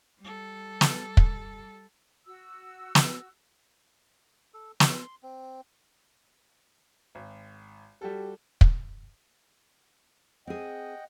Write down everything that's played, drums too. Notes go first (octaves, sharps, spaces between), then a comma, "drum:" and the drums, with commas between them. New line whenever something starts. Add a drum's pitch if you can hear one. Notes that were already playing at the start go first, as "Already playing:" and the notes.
G3 A4
drum: snare
drum: kick
F#4 E6
drum: snare
A4
C#5, drum: snare
C6
C4
G#1
G3 F#4 G4 A4
drum: kick
C4 G#4 D#5 F#5 G5